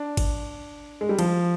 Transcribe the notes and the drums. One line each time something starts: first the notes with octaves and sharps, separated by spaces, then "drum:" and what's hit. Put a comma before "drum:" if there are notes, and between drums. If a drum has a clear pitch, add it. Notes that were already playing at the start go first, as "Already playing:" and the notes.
Already playing: D4
drum: kick, cymbal
G#3
G3
F3, drum: cymbal